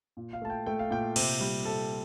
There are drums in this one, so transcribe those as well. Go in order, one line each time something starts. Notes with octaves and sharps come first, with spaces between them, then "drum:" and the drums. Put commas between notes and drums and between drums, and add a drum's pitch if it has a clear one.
A#2
F5
A3 A5
G5
A3 G5
F5
A#2 G5
C3, drum: cymbal
G3
C3 A4